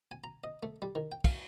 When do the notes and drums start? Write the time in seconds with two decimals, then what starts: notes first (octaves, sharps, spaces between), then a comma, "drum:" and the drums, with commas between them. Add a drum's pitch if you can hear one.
0.11 G#5
0.24 A#5
0.44 D#5
0.63 A3
0.82 G3
0.95 D#3
1.12 G5
1.24 F5, drum: kick, cymbal